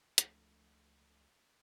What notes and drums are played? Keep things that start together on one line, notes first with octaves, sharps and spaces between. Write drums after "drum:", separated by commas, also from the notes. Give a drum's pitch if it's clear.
C#2 F3 A3 D4, drum: hi-hat